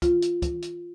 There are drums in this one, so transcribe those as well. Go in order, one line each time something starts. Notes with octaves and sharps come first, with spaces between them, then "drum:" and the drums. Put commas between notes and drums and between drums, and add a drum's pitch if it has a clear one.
F4, drum: kick, hi-hat
drum: hi-hat
drum: kick, hi-hat
drum: hi-hat